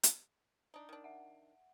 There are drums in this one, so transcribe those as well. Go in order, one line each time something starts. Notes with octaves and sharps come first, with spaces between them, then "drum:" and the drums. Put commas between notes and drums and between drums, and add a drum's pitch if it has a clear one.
drum: hi-hat
D4 D#4
D#3 D4
E5 F#5